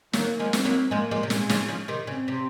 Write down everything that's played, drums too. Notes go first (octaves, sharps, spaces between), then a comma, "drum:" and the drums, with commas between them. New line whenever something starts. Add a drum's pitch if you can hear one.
D#3 F#3 A#3, drum: snare
F3 G#3
C4, drum: snare
F#3 A#3
F3 G#3 A#3
F3 G#3
C3
A#2 G#3, drum: snare
C#3 F3, drum: snare
C#3 F3
C3 D#3
C#3 C4
C3